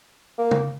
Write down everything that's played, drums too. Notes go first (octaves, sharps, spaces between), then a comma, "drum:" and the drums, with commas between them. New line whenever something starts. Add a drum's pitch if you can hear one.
A#3
drum: tom